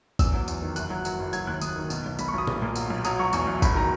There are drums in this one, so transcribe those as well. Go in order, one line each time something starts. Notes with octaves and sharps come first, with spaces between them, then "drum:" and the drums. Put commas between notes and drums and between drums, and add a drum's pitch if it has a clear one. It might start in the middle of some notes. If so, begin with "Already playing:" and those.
E2 E6, drum: kick, tambourine
F#3
E2, drum: tambourine
D#3
F#1 F#6, drum: tambourine
F#3
F#3, drum: tambourine
F#1
F#3 G#6, drum: tambourine
D#2 F#6
D#2 D#6, drum: tambourine
D#3
B2, drum: tambourine
B1
B1 B5, drum: tambourine
C#6
B1 D#6
A#2, drum: tom
A#2
F#3, drum: tambourine
B1
F#3 D#6, drum: tambourine
F#3 C#6
E2 C#6, drum: tambourine
E2
E1 B5, drum: kick, tambourine
D#3 A#5